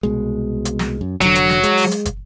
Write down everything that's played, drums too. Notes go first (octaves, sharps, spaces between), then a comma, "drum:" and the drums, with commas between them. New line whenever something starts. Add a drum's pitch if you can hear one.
C2 B2 G#3
drum: hi-hat
drum: snare
F#2
F1 D3 F#3, drum: hi-hat
drum: hi-hat
drum: snare
G#3, drum: hi-hat
drum: open hi-hat
drum: hi-hat
drum: kick, hi-hat